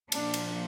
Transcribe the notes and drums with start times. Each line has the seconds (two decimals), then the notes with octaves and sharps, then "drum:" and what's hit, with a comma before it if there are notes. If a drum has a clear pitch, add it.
0.12 A#2 F3 D4, drum: cymbal
0.34 drum: cymbal